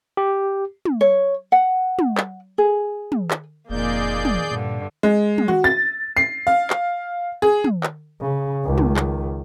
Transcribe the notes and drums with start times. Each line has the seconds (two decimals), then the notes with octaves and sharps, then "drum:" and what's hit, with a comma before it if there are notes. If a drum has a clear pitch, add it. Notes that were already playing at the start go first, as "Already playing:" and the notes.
0.17 G4
0.85 drum: tom
1.01 C#5
1.52 F#5
1.99 drum: tom
2.17 drum: clap
2.58 G#4
3.12 drum: tom
3.31 drum: clap
3.70 F1 F2 A#2 A#3 D#4 G#4 D5 G6
4.25 drum: tom
4.51 G2 A#2 D3
5.03 G#3
5.38 drum: tom
5.48 F#4
5.64 A6
6.17 C7
6.47 F5
6.70 drum: clap
7.42 G#4
7.64 drum: tom
7.83 drum: clap
8.21 C#3
8.65 C#2 D#3
8.78 drum: tom
8.96 drum: clap